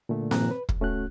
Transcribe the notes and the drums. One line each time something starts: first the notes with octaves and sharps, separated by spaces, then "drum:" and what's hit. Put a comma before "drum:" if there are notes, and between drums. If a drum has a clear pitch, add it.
A#2 D3 A3
G2 A#2 D#3 F3 A#5 F#6, drum: snare C4
B4
F2, drum: kick
C2 A3 C#4 F#4 F#6